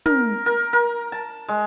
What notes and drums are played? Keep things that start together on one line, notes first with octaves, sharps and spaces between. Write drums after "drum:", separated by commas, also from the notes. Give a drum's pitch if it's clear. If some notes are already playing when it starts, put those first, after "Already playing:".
A#4, drum: tom
A#4
A#4
A5
G#3